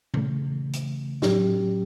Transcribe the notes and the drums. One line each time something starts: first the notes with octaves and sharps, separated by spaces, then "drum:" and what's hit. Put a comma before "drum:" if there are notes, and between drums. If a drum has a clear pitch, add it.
C#3 E3 A3, drum: tom A#2
drum: hi-hat
A2 F#3 C#4 G4, drum: snare